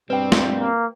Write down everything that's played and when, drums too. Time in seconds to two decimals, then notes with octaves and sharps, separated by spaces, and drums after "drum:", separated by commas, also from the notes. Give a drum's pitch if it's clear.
0.10 G2 B2 G3 C4 B4 G5
0.32 drum: snare
0.57 A#3